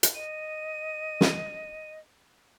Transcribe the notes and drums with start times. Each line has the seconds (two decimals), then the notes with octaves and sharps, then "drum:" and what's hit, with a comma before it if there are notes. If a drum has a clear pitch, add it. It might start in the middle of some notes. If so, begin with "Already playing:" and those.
0.03 drum: hi-hat
0.15 D#5 D#7
1.21 drum: snare